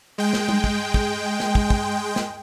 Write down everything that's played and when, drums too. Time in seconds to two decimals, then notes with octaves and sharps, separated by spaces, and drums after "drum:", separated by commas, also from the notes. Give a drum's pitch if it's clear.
0.18 G#3 G5
0.33 drum: snare
0.49 drum: tom G3
0.64 drum: kick
0.94 drum: kick
1.40 drum: snare
1.55 drum: kick
1.70 drum: kick
2.16 drum: snare